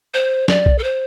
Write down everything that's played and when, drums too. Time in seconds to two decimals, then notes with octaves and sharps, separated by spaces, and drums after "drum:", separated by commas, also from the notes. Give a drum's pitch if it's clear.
0.14 C5
0.48 D5, drum: snare
0.66 drum: kick B1
0.78 A4
0.83 C5